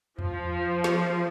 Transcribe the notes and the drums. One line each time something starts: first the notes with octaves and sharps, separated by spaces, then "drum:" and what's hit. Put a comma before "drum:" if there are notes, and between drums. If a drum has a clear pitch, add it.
F3, drum: tom E2
drum: snare